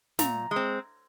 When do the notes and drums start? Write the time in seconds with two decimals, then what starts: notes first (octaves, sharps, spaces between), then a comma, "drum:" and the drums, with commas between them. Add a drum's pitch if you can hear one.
0.19 A#2 A#5, drum: snare
0.51 G#3
0.56 C4